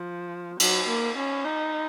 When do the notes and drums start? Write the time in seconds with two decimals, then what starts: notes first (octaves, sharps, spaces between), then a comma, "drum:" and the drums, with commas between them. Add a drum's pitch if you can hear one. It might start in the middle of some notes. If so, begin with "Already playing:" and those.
Already playing: F3
0.60 F#3, drum: cymbal
0.88 A#3
1.17 C#4
1.45 D#4